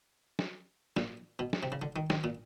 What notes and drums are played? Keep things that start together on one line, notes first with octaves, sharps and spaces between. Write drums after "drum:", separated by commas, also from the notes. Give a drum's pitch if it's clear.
drum: snare
A#2, drum: snare
B2
drum: snare
C3
C#3
D3
D#3
D#3, drum: snare
A#2